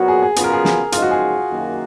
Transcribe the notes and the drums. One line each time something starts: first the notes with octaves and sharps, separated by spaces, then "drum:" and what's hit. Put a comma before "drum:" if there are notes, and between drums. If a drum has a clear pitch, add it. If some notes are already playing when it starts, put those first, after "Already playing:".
Already playing: A#2 F#3 B3 F#4 A#4
G#4
G#4
C#3 F#3 B3 F4 G#4, drum: hi-hat
A#4
G#4
drum: snare
F#2 C#3 F3 G#3 D#4 F4, drum: hi-hat
F#4
G#4
F#2 D#3 A#3